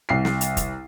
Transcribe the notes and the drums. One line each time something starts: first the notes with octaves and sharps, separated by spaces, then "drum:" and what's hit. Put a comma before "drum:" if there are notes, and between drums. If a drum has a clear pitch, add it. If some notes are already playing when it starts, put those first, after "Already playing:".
C2 C7
drum: snare
drum: hi-hat
drum: kick, hi-hat